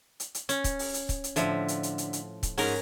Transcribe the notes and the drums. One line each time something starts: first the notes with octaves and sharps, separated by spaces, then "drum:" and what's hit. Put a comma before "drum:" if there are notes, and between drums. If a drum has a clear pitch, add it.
drum: hi-hat
drum: hi-hat
C#4, drum: hi-hat
drum: kick C#1, hi-hat
drum: open hi-hat
drum: hi-hat
drum: kick C#1, hi-hat
drum: hi-hat
A2 D3 F3 E5, drum: hi-hat
drum: hi-hat
drum: hi-hat
drum: hi-hat
drum: hi-hat
drum: kick C#1, hi-hat
G#2 C#4 A#4, drum: open hi-hat